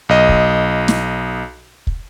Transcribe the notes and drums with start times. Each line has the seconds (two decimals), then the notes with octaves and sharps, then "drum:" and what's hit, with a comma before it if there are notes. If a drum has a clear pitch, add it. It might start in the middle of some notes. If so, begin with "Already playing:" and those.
0.09 B1 D#5
0.29 drum: kick
0.88 drum: snare
1.87 drum: kick